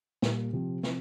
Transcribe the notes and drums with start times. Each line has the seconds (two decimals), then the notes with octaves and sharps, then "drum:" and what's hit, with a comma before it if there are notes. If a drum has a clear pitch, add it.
0.22 A#2 G3 A#3, drum: snare
0.53 C3 F3 C4 G4
0.83 C3 F3 C4, drum: snare